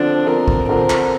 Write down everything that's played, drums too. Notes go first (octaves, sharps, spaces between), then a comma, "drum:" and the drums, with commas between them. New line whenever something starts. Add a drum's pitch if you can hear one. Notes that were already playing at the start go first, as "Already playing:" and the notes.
Already playing: D3 F3 C4 D4
D3 F3 C4 A#4
drum: kick
D3 F3 C4 A#4
drum: clap